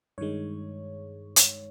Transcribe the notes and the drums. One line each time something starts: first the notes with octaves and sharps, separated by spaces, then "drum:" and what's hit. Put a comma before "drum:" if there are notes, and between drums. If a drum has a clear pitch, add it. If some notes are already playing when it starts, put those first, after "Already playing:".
G2 D#3 G#3 C#5
drum: hi-hat